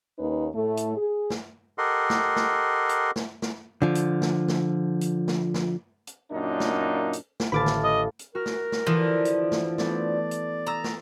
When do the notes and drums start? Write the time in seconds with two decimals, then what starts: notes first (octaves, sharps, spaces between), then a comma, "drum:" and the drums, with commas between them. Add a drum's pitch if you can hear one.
0.19 D#2 A#3 C#4 D#4 B4
0.54 A2 A3
0.77 drum: hi-hat
0.97 G#4
1.30 drum: snare
1.78 G4 A4 A#4 D#5 F#5 C6
2.10 drum: snare
2.36 drum: snare
2.89 drum: hi-hat
3.16 drum: snare
3.42 drum: snare
3.82 D3 F3
3.95 drum: hi-hat
4.22 drum: snare
4.48 drum: snare
5.01 drum: hi-hat
5.28 drum: snare
5.54 drum: snare
6.07 drum: hi-hat
6.31 F#2 A#2 A#3 D4 D#4
6.60 drum: snare
7.13 drum: hi-hat
7.40 drum: snare
7.52 A1 D3 D#3 F5 A5 B5 D6 A6
7.66 drum: snare
7.84 D#5
8.19 drum: hi-hat
8.35 F#4 A#4 F6
8.46 drum: snare
8.72 drum: snare
8.87 D3 E3 F3
9.25 drum: hi-hat
9.52 drum: snare
9.78 A3 B3 D5, drum: snare
10.31 drum: hi-hat
10.67 A#5 D#6 E6 A6
10.84 drum: snare